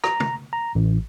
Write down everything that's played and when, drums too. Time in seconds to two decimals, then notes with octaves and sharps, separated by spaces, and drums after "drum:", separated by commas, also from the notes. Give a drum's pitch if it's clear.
0.04 A#5, drum: rim click
0.20 drum: tom
0.53 A#5
0.75 A1